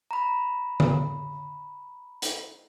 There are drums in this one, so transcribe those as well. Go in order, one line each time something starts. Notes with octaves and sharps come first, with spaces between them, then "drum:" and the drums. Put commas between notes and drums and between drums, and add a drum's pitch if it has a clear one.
A#5 B5
drum: tom D3
drum: hi-hat